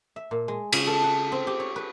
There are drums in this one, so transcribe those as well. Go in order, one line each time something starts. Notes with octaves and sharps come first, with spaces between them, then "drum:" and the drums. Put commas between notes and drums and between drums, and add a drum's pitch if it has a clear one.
E5
A#2
G#3
C#3, drum: cymbal
A4
F#5
C4
G4
C#5
B4